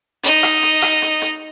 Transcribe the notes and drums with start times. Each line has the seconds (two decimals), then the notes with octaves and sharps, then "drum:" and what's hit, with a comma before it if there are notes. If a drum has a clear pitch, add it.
0.23 D#4 D#5, drum: hi-hat
0.43 drum: rim click
0.63 drum: hi-hat
0.82 drum: rim click
1.02 drum: hi-hat
1.22 drum: hi-hat